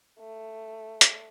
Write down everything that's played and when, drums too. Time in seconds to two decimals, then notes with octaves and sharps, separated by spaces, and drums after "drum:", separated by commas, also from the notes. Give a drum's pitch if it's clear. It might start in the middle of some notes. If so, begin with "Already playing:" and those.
0.20 A3
1.01 drum: hi-hat